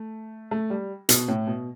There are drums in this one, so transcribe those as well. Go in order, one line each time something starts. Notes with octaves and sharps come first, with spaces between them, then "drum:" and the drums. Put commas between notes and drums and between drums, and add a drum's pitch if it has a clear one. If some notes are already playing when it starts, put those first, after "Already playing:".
Already playing: A3
A3
G3
B2, drum: hi-hat
A2
B2